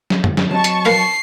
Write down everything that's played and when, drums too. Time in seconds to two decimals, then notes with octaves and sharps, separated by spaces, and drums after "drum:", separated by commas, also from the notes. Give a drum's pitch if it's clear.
0.10 drum: snare
0.24 drum: tom
0.37 drum: snare
0.51 F#3 C4 D#5 A5 C#6
0.64 drum: hi-hat
0.85 A#4 B4 F5 C7